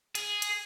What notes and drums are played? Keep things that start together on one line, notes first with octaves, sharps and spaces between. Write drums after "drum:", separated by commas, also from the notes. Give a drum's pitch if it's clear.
G#4, drum: hi-hat
drum: hi-hat